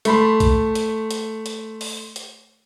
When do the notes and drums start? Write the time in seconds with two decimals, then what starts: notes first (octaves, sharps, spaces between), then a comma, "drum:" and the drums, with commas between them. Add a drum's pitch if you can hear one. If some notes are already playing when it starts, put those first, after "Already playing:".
0.05 A3 B5 C6, drum: hi-hat
0.40 drum: kick A#1, hi-hat
0.75 drum: hi-hat
1.11 drum: hi-hat
1.46 drum: hi-hat
1.81 drum: open hi-hat
2.16 drum: hi-hat